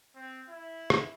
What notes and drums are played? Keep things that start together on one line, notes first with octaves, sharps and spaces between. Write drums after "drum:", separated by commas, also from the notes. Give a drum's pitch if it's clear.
C4
E4
drum: rim click